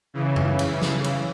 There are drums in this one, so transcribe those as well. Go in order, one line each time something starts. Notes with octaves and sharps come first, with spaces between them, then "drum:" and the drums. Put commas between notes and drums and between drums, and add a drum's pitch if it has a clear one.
C#3 E3
drum: tom F#2
drum: cymbal
drum: snare
drum: cymbal